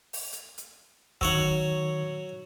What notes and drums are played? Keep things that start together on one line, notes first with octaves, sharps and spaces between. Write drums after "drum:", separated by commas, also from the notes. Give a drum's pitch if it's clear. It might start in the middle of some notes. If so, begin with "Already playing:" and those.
drum: open hi-hat
drum: hi-hat
drum: hi-hat
D#3 F#3 C#5 F#5 E6, drum: kick